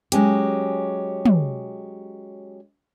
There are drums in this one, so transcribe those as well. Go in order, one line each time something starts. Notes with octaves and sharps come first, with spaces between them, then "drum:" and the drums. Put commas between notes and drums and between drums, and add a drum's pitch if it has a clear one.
F#3 G#3 C#4 G4, drum: hi-hat
drum: tom